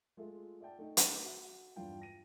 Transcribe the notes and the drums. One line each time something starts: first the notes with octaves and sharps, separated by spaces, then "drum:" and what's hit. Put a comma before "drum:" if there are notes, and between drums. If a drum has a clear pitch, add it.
G#3 A3 F4 A4 E5
D5 E5 F#5 G5 A5
A3 D#4
drum: hi-hat
F#4 E5
E2 G2 D4 F4 F5 G5
A5 A#6 D#7